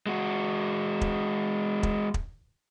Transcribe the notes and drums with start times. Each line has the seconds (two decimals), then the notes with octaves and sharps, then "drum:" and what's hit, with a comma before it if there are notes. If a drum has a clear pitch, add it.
0.06 G#3 F#4
1.01 drum: kick
1.83 drum: kick
2.14 drum: kick